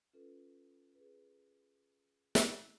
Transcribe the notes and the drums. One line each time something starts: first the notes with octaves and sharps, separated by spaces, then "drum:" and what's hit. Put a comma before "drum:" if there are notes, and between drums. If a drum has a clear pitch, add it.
C#4 F4 A4 B4
G#4 B4
drum: snare